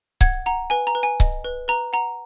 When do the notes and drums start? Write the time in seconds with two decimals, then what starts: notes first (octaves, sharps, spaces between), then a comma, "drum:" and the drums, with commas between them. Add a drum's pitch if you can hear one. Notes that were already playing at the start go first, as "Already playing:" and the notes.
0.21 F#5 G#6, drum: kick C#1
0.46 F#5 A#5
0.70 B4 G#5
0.87 A#5
0.95 B4
1.03 G#5
1.20 D#5, drum: kick C#1
1.44 B4
1.68 B4 A#5
1.93 F#5 A#5